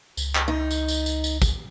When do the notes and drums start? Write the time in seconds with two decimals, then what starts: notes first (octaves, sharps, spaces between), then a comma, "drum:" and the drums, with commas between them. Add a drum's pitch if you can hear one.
0.17 C#2, drum: tambourine
0.35 drum: clap
0.48 D#4
0.71 drum: tambourine
0.88 drum: tambourine
1.06 drum: tambourine
1.24 drum: tambourine
1.42 drum: kick, tambourine